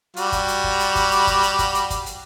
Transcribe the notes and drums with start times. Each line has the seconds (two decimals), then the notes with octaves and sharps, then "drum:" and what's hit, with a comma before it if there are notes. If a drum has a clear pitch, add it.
0.16 G3 F#4, drum: hi-hat
0.32 drum: kick, hi-hat
0.48 drum: hi-hat
0.64 drum: kick
0.80 drum: hi-hat
0.95 drum: kick, hi-hat
1.11 drum: hi-hat
1.27 drum: kick, hi-hat
1.43 drum: hi-hat
1.59 drum: kick, hi-hat
1.75 drum: hi-hat
1.90 drum: kick, hi-hat
2.06 drum: hi-hat